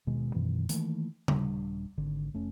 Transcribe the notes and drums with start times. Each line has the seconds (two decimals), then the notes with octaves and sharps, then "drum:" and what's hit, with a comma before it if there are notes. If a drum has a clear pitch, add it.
0.07 D#1 B2 D#3 G#3
0.34 F#2 B2 D#3 E3
0.69 D#3 E3 A3 A#3, drum: hi-hat
1.28 D#1 D#2 G3 D4, drum: tom C#3
1.98 G#1 D3
2.34 F1 A3 C#4